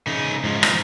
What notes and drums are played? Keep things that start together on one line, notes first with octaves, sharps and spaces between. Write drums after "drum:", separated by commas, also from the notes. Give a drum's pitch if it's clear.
C#3 D#4
G#2 F3
drum: rim click